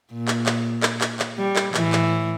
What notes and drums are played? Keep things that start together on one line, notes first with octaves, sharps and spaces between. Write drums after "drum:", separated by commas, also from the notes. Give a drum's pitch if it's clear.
A#2
drum: clap
drum: clap
drum: clap
drum: clap
drum: clap
G3
drum: clap
A2 E3, drum: clap
drum: clap